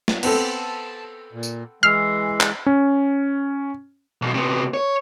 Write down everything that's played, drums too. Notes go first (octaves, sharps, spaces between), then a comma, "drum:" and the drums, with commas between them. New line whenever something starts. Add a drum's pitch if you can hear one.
drum: snare
B3 C4 A4 A5, drum: cymbal
A#2
drum: tambourine
E3 G#3 E6 F6 C7
drum: clap
C#4
B1 B2
C3 B3
C#5